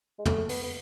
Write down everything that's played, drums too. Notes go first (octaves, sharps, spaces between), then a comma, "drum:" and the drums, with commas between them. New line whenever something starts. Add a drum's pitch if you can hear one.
G#3
A3, drum: tom
B3, drum: open hi-hat
B3